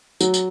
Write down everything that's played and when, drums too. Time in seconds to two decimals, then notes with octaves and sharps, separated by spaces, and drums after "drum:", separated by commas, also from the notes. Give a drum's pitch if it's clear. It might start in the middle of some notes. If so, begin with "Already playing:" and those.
0.21 F#3, drum: tambourine
0.34 drum: tambourine